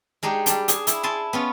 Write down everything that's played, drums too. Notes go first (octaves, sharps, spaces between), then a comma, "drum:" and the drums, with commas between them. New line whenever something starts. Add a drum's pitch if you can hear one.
G#3 D4 D#4 G4
G3 D4, drum: hi-hat
G#4, drum: hi-hat
E4, drum: hi-hat
E4 G#5 A5 C6
B3 C#4 F4